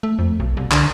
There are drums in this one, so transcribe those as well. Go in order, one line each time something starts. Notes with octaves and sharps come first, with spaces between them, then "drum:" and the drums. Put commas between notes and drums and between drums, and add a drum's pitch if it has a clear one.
A3
F2
B1
C2
D3, drum: clap